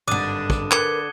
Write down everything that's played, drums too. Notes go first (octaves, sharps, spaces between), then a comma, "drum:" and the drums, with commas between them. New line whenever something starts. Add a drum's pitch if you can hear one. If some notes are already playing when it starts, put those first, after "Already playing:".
G#1 G2 D3 D4 D6 D#6 D#7
drum: kick
A#4 B4 F#6 G#6 C#7 G7, drum: clap